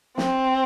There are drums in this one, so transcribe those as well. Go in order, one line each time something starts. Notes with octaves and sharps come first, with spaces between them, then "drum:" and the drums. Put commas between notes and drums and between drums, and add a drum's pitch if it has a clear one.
C4, drum: snare